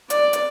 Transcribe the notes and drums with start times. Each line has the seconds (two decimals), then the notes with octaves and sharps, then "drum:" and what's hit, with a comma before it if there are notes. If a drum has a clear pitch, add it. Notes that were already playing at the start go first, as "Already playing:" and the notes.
0.10 D5, drum: hi-hat
0.33 drum: hi-hat